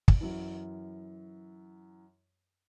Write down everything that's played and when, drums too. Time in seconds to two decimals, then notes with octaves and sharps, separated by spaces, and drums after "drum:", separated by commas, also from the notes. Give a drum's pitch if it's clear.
0.08 drum: kick
0.20 F#2 E3